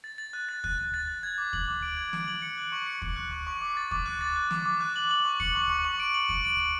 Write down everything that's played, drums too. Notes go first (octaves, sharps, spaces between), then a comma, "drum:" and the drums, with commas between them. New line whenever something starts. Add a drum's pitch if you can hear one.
A6
A6
F#6
A6
F#6, drum: kick
F#6
A6
A6
G#6
D6
F#7, drum: kick
D6
D7
G#6
D7, drum: snare
F#7
C#7
F#6
C#6
C#7
C#6, drum: kick
F#6
C#6
C#6
D6
A6
D6, drum: kick
F#6
A6
F#6
D6, drum: snare
D6
F#6
F#7
F#7
C#6
C#7, drum: kick
C#6
C#6
C#6
D7
F#7
D7, drum: kick
D7
D7